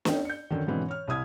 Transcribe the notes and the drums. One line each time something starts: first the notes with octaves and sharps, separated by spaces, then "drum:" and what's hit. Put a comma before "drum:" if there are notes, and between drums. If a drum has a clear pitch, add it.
B3 C#4 D#4 C#5 G5, drum: snare
G6 C#7
F#2 D3 D#3
G#2 B2 D3 E3 C4 C#4
C#5 F6
C2 E4 D#6 G#6